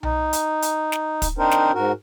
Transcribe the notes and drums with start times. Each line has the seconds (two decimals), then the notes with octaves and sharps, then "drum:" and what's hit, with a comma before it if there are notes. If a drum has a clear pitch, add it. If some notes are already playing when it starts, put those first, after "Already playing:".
0.03 D#4, drum: tom B1
0.33 drum: hi-hat
0.62 drum: hi-hat
0.92 drum: snare
1.22 drum: kick, hi-hat
1.38 C4 D4 D#4 A#4 C5
1.51 drum: snare
1.74 G#2 F#4 A#4